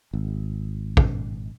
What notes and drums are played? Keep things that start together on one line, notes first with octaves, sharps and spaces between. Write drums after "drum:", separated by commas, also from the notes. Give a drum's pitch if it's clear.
G#1
drum: kick